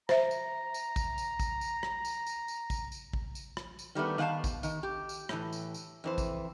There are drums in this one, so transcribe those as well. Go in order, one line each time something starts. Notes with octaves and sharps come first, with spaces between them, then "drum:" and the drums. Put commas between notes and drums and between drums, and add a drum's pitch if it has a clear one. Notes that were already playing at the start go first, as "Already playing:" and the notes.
C5 E5 A#5, drum: rim click
drum: tambourine
drum: tambourine
drum: kick A1, tambourine
drum: tambourine
drum: kick A1, tambourine
drum: tambourine
drum: rim click
drum: tambourine
drum: tambourine
drum: tambourine
drum: kick A1, tambourine
drum: tambourine
drum: kick A1
drum: tambourine
drum: rim click
drum: tambourine
D#3 G3 A3 B3
D#3 B3 F5 F#5 A5
drum: kick A1, tambourine
D#3, drum: tambourine
G4
drum: tambourine
A2 E3, drum: rim click
drum: tambourine
drum: tambourine
F2 E3 C5
drum: kick A1, tambourine